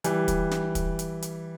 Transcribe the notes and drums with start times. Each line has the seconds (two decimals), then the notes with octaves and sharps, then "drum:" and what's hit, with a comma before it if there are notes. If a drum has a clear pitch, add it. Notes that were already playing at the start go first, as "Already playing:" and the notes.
0.04 E3 G3, drum: hi-hat
0.28 drum: kick, hi-hat
0.51 drum: snare
0.75 drum: kick, hi-hat
0.99 drum: hi-hat
1.22 drum: hi-hat